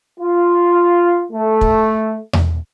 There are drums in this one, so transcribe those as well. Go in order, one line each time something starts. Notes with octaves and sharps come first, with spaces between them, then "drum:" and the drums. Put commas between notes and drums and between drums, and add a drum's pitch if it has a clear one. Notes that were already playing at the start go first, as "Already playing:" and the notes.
F4
A3
drum: kick
drum: tom E2